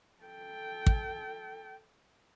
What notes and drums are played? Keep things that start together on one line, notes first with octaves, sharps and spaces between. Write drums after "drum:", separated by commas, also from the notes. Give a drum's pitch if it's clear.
A4 G5
drum: kick